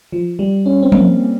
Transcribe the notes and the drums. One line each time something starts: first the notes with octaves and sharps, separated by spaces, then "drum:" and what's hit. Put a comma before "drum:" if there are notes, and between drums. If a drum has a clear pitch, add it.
F3
G3
C#4
C4
A#3, drum: tom F3